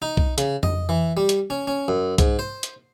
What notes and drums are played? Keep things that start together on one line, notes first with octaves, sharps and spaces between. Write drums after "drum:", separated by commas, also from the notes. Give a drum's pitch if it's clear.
D#4
drum: kick B1
C#3, drum: hi-hat
D#5, drum: tom F2
E3
G3
drum: hi-hat
C#4
C#4
F#2
G#2, drum: kick B1, hi-hat
C5
drum: hi-hat